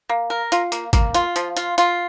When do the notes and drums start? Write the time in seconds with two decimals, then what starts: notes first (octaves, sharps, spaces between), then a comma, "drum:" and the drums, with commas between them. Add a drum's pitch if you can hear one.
0.09 A#3
0.30 A#4
0.52 F4, drum: hi-hat
0.72 A#3, drum: hi-hat
0.93 A#3, drum: kick, hi-hat
1.14 F4, drum: hi-hat
1.36 F3, drum: hi-hat
1.57 F4, drum: hi-hat
1.78 F4, drum: hi-hat